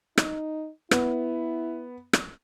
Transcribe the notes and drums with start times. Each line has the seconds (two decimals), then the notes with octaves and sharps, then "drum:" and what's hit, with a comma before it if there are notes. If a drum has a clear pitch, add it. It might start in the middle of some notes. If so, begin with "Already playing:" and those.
0.18 D#4, drum: rim click
0.91 B3 E4, drum: rim click
2.13 drum: rim click